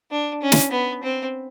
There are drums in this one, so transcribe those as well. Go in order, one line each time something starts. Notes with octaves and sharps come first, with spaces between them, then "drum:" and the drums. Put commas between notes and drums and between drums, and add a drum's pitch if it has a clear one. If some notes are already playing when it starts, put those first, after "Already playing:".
D4
C#4
drum: snare
B3
C4